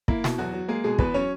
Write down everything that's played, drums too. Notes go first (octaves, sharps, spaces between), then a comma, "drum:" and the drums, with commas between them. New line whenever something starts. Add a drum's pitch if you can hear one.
A#3 E4, drum: kick
B2, drum: snare
E2 F#3 F#4
F#3
G#3 A#3 G#4
B2 G#3 G#4
E2 B3 B4, drum: kick
F#3 C#4 C#5